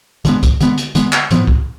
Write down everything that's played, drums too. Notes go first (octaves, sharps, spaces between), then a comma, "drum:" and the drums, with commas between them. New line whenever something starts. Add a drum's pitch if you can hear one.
D3 G#3 B3, drum: hi-hat
drum: kick, hi-hat
D3 G#3 B3, drum: hi-hat
drum: hi-hat
D3 G#3 B3, drum: hi-hat
drum: clap
A2 F3 B3, drum: hi-hat
drum: kick